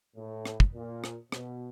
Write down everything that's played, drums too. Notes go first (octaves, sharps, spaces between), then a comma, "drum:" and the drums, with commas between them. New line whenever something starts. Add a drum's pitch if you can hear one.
A2
drum: rim click
drum: kick
A#2
drum: rim click
B2, drum: rim click